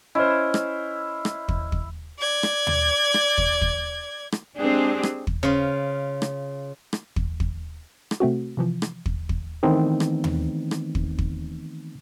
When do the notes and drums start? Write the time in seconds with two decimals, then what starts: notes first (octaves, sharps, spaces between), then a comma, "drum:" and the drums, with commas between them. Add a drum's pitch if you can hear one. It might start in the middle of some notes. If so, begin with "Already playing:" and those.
0.15 C#4 E4 C5 D#5 F6
0.54 drum: rim click
1.25 drum: rim click
1.48 drum: kick
1.72 drum: kick
2.19 D5 G#6
2.43 drum: rim click
2.67 drum: tom D#2
3.14 drum: rim click
3.38 drum: kick
3.61 drum: kick
4.32 drum: rim click
4.56 G#3 C4 D4 G4 G#4
5.03 drum: rim click
5.27 drum: kick
5.43 C#3 F4
6.22 drum: rim click
6.93 drum: rim click
7.16 drum: kick
7.40 drum: kick
8.11 drum: rim click
8.20 C3 A3 C4 F#4
8.57 C3 E3 F3
8.82 drum: rim click
9.06 drum: kick
9.29 drum: kick
9.63 D#3 E3 A3 B3 C4 D#4
10.00 drum: rim click
10.24 drum: tom D#2
10.71 drum: rim click
10.95 drum: kick
11.19 drum: kick